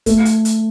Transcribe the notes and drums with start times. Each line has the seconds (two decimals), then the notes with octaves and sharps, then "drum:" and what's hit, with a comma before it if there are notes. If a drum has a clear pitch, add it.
0.06 A3, drum: kick, hi-hat
0.25 drum: hi-hat
0.45 drum: hi-hat